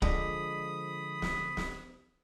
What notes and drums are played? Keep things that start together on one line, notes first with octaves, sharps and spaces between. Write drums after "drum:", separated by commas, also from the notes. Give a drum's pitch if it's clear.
D3 F3 G#3 B5 D#6, drum: kick
drum: snare
drum: snare